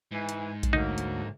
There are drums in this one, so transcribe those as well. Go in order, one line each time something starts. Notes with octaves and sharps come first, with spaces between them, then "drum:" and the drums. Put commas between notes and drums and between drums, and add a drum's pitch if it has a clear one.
G#2 E3 G#5
drum: hi-hat
drum: kick A#1, hi-hat
D2 F#3 A#3 D#4
drum: hi-hat